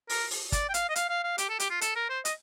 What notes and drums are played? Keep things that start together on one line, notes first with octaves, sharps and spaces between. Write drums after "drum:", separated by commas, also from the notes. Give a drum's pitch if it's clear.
A#4, drum: open hi-hat
drum: open hi-hat
D5, drum: kick, hi-hat
G5
F5, drum: hi-hat
D#5
F5, drum: hi-hat
F5
F5
G4, drum: hi-hat
A4
G4, drum: hi-hat
F4
A4, drum: hi-hat
A#4
C5
D#5, drum: hi-hat